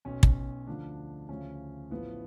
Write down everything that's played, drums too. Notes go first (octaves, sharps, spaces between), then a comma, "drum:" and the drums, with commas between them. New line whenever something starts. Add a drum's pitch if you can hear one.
B1 B2 C#4
drum: kick
D2 D3 F3 D4
D2 C#3 F3 C#4
A1 A2 F3 B3